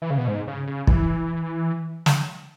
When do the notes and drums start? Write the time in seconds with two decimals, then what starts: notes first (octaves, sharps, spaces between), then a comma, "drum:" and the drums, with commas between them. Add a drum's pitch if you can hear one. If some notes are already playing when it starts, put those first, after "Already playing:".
0.02 E3
0.10 C#3
0.18 B2
0.28 G#2
0.48 C#3
0.67 C#3
0.87 E3, drum: kick
2.06 drum: snare